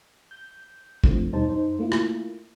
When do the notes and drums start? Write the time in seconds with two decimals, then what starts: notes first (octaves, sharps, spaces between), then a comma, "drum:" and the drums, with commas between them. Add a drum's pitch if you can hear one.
0.31 G6
1.04 D3 F3 A3 C4, drum: kick
1.32 D#2 B2 G3 D#4 C5 A5
1.48 F#2 D#4 C5
1.79 A3 A#3 E4 F4
1.92 drum: rim click